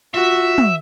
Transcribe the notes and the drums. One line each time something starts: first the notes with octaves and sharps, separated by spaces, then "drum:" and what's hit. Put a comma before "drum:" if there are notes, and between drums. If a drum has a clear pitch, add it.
F4 F#4 E5
drum: tom